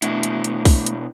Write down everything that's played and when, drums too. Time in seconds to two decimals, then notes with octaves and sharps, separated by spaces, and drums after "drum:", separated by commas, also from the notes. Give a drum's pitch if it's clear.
0.02 B2 A3 D4 E4, drum: hi-hat
0.23 drum: hi-hat
0.44 drum: hi-hat
0.65 drum: kick B1, open hi-hat
0.86 drum: hi-hat